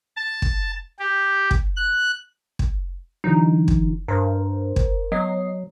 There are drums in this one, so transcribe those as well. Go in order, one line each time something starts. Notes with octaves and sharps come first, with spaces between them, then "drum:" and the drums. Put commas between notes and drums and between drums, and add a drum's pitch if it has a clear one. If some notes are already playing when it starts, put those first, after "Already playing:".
A5
drum: kick
G4
drum: kick
F#6
drum: kick
D3 E3 F#3 D#4
drum: kick
G2 A#4 C5
drum: kick
F#3 B3 D#5 C7